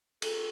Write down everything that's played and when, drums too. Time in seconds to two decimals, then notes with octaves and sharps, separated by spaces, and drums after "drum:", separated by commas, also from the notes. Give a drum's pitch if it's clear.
0.22 A4, drum: cymbal